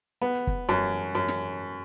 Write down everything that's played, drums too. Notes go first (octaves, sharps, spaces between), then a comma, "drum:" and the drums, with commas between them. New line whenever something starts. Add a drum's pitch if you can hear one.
B3
drum: kick
F#2
F#2
drum: snare